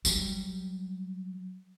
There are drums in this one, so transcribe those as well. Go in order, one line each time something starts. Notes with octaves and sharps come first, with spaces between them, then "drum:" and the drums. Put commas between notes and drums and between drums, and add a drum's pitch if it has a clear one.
F#3 G3, drum: tambourine